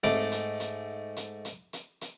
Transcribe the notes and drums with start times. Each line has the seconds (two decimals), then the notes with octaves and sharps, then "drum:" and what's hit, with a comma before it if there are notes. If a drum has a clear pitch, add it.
0.03 G#2 A3 D6, drum: snare C4
0.32 drum: hi-hat
0.60 drum: hi-hat
1.17 drum: hi-hat
1.45 drum: hi-hat
1.73 drum: hi-hat
2.01 drum: hi-hat